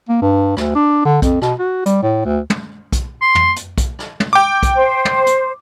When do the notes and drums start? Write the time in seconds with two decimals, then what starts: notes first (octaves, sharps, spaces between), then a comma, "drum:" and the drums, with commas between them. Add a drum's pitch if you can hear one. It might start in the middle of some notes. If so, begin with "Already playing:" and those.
0.09 A#3
0.22 G2
0.57 D2, drum: rim click
0.75 D4
1.05 D3
1.22 F2, drum: kick B1, hi-hat
1.42 B2, drum: rim click
1.59 F#4
1.86 G3, drum: hi-hat
2.02 A2
2.25 D2
2.50 drum: tom
2.92 drum: kick B1, hi-hat
3.22 C6
3.35 drum: tom
3.56 drum: hi-hat
3.78 drum: kick B1, hi-hat
3.99 drum: rim click
4.20 drum: tom
4.33 G5 D6
4.63 drum: kick B1, hi-hat
4.76 C5
5.05 drum: tom
5.26 drum: hi-hat